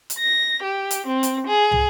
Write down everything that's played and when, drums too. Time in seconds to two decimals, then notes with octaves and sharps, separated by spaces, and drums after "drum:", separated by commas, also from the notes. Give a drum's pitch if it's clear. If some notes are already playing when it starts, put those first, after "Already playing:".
0.10 drum: hi-hat
0.19 A#6
0.63 G4
0.91 drum: hi-hat
1.07 C4
1.23 drum: hi-hat
1.47 G#4
1.71 drum: tom